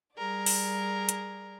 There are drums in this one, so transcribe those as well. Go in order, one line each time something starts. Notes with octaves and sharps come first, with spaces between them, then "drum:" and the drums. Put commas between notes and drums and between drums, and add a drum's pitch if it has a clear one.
G3 G#4 A#4 D5
drum: open hi-hat
drum: hi-hat